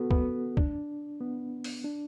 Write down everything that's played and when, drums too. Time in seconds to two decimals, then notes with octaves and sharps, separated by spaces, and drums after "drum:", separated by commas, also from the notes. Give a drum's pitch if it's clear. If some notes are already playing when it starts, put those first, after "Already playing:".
Already playing: B3 F#4 A4
0.11 B3, drum: kick
0.57 D4, drum: kick
1.21 B3
1.64 drum: open hi-hat
1.84 D4